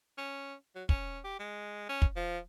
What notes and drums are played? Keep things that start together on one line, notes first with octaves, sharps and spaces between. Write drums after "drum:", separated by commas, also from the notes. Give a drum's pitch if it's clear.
C#4
F#3
C#4, drum: kick
G4
G#3
C#4
drum: kick
F3